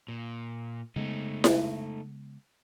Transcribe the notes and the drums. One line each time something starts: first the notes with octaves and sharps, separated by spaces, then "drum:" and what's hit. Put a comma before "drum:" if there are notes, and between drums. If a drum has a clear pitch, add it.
A#2
C#3 G#3 A3 B3 D#4
drum: snare E4